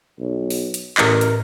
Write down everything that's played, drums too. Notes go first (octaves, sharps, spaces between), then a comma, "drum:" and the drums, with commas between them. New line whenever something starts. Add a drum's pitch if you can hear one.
B1
drum: open hi-hat
drum: hi-hat
A1 A2 A#4 D#5, drum: clap
drum: hi-hat